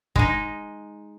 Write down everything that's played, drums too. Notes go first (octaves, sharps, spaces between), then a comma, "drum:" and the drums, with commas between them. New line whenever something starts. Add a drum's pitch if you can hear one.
G#3 D#4, drum: kick